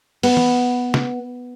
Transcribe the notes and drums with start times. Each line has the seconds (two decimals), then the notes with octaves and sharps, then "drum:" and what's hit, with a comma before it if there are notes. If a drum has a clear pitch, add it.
0.23 B3, drum: open hi-hat
0.37 drum: tom
0.94 drum: snare